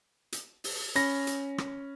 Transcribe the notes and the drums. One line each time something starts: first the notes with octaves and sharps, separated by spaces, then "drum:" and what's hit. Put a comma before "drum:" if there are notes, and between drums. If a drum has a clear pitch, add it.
drum: hi-hat
drum: open hi-hat
C#4 B5 A#6, drum: hi-hat
drum: hi-hat
drum: rim click